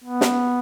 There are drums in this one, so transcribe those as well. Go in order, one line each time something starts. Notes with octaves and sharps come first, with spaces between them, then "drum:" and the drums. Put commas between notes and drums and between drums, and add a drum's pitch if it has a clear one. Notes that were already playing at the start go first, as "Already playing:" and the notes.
B3
drum: snare